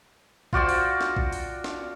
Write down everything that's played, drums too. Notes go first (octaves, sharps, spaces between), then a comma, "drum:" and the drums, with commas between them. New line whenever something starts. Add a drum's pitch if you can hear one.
F4 F#4 D5 G5, drum: kick A#1
drum: open hi-hat
drum: snare
drum: kick A#1
drum: open hi-hat
drum: snare